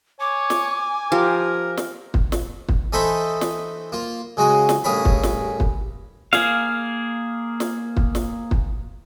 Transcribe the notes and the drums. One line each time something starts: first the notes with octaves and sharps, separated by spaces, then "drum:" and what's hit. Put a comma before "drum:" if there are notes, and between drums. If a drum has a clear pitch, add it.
C#5 G#5 D6
drum: snare
F3 G4 A#4
drum: snare
drum: kick
drum: snare
drum: kick
E3 D#4 A4 C5 B5 C#6
drum: snare
A#3 F4
C#3 G#3 F#4 G#4
drum: snare
A1 G2 G#4 A#4 C#5 B5
drum: kick
drum: snare
drum: kick
A#3 G#4 F5, drum: snare
drum: snare
drum: kick
drum: snare
drum: kick